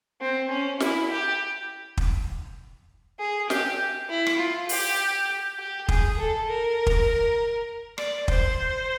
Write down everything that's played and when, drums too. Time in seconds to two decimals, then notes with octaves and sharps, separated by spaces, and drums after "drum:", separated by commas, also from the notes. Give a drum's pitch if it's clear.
0.21 C4
0.50 C#4
0.80 E4, drum: snare
1.11 G4
1.97 drum: kick
3.20 G#4
3.50 G4, drum: snare
4.09 E4
4.27 drum: rim click
4.39 F4
4.69 G4, drum: open hi-hat
5.59 G4
5.88 G#4, drum: kick
6.19 A4
6.48 A#4
6.87 drum: kick
7.98 D5, drum: rim click
8.28 C5, drum: kick